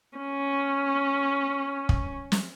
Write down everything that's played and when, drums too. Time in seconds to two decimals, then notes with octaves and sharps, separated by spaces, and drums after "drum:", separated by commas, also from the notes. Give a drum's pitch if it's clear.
0.18 C#4
1.89 drum: kick
2.32 drum: snare